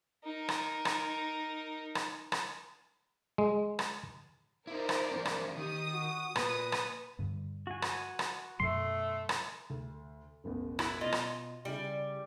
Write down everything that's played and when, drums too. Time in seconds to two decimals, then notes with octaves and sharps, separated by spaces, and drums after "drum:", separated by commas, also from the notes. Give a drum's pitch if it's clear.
0.24 D#4 A#4
0.49 drum: rim click
0.85 drum: rim click
1.95 drum: rim click
2.32 drum: rim click
3.38 G#3
3.79 drum: rim click
4.67 D#4 E4 A#4 C5 D5
4.89 drum: rim click
5.11 E3 A#3 C#4 D6
5.25 drum: rim click
5.57 D#3 G4 D#6
5.91 F#4
6.36 A#2 A#3 B4 D#6, drum: rim click
6.72 drum: rim click
7.19 G2 D3
7.67 F#4 G#5
7.82 drum: rim click
8.19 drum: rim click
8.60 F#2 B2 F#3 A3 C6
9.29 drum: rim click
9.70 D2
10.44 E1 A1 E2
10.79 E4 F#4, drum: rim click
11.01 B2 F4 D#5
11.12 drum: rim click
11.65 C#3 G3 E4 G4